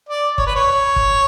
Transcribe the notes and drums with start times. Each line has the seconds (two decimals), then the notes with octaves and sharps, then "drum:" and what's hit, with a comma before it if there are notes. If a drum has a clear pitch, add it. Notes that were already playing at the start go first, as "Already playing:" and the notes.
0.09 D5
0.38 C#5, drum: kick
0.47 B4
0.55 C#5
0.96 drum: kick